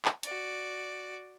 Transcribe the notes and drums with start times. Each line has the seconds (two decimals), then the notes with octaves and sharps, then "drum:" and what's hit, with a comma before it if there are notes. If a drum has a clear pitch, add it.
0.05 drum: clap
0.23 F#4 D5, drum: hi-hat